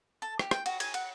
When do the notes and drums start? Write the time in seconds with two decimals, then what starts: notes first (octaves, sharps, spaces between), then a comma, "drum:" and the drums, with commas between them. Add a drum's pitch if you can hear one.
0.22 A4
0.39 G4, drum: rim click
0.51 G5, drum: rim click
0.66 F#4, drum: cymbal
0.80 G#5, drum: cymbal
0.94 F#5, drum: cymbal